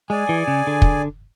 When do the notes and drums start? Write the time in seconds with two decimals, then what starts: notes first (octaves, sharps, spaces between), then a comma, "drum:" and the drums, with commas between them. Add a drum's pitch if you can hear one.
0.09 G#3 G#4 D5 G#5
0.29 E3
0.48 C#3
0.67 D3
0.82 drum: kick